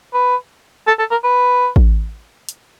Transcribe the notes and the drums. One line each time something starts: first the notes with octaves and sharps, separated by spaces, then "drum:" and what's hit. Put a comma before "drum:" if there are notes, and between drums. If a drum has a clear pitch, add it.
B4
A4
A4
A#4
B4
drum: kick A1
drum: hi-hat